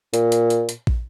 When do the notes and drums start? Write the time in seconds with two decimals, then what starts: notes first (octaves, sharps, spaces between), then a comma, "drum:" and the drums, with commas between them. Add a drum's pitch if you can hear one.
0.14 A#2, drum: hi-hat
0.32 drum: hi-hat
0.50 drum: hi-hat
0.69 drum: hi-hat
0.87 drum: kick